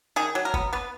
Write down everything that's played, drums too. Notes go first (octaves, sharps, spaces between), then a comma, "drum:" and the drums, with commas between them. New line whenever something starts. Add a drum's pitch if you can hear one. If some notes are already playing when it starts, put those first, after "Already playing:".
D#3 G#4
F#3
A#4
B3, drum: kick F#1
B3 B4